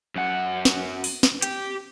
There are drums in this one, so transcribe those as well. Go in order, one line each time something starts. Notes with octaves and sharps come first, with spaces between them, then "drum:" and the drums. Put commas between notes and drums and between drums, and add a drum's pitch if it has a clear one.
F#2 F#5
drum: snare
drum: open hi-hat
drum: snare
G4, drum: hi-hat